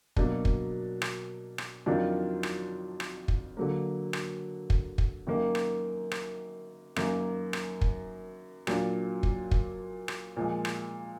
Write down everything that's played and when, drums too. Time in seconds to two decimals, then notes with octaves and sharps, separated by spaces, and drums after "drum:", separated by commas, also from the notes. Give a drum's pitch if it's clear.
0.16 B2 F#3 A#3 D4, drum: kick
0.45 drum: kick
1.02 drum: rim click
1.58 drum: rim click
1.86 F2 D#3 F#3 D4 F4
2.43 drum: rim click
3.00 drum: rim click
3.28 drum: kick
3.57 D3 F#3 A#3
4.13 drum: rim click
4.70 drum: kick
4.98 drum: kick
5.27 F#2 D#3 A#3
5.55 drum: rim click
6.11 drum: rim click
6.96 F#2 D#3 A#3, drum: rim click
7.53 drum: rim click
7.81 drum: kick
8.67 A#2 F#3 D4 F4, drum: rim click
9.23 drum: kick
9.51 drum: kick
10.08 drum: rim click
10.37 A#2 F3 G#3
10.65 drum: rim click